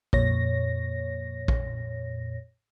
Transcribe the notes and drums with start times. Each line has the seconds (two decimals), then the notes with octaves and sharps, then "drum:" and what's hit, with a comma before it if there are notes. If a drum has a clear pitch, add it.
0.13 F2 A#2 C#5 A#6, drum: kick A#1
1.48 drum: kick A#1